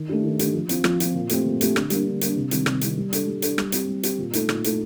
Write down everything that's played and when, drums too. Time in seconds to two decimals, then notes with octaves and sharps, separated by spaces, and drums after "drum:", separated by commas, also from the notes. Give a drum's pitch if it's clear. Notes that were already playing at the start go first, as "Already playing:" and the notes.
Already playing: D#3
0.09 A3 D4 G4
0.24 D#3
0.39 A3 D4 G4, drum: hi-hat
0.54 F3
0.69 C4 F4, drum: hi-hat
0.84 F3, drum: rim click
1.00 C4 F4, drum: hi-hat
1.14 A#2
1.29 A3 C4 G4, drum: hi-hat
1.45 A#2
1.61 A3 C4 G4, drum: hi-hat
1.76 D3, drum: rim click
1.90 G3 A#3 D4, drum: hi-hat
2.06 D3
2.21 G3 A#3 D4, drum: hi-hat
2.36 C3
2.51 D#3 G3 C4, drum: hi-hat
2.66 C3, drum: rim click
2.81 D#3 G3 C4, drum: hi-hat
2.97 G3
3.13 D4 A4, drum: hi-hat
3.27 G3
3.42 D4 A4, drum: hi-hat
3.58 G3, drum: rim click
3.72 C4 G4, drum: hi-hat
3.88 G3
4.03 C4 G4, drum: hi-hat
4.19 A#2
4.33 A3 D#4 A4, drum: hi-hat
4.49 A#2, drum: rim click
4.64 A3 D#4 A4, drum: hi-hat